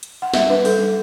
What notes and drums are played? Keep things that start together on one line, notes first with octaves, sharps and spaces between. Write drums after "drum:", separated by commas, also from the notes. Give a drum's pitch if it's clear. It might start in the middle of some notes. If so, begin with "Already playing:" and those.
drum: hi-hat
F#5
G3 E5, drum: snare
D4 B4
G3 A4, drum: open hi-hat
D4